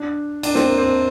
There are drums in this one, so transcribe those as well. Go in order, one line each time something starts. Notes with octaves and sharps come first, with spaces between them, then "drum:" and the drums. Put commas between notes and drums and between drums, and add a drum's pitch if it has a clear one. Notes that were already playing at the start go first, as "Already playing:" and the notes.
Already playing: D4
D4, drum: cymbal
C4, drum: snare
A#3
C4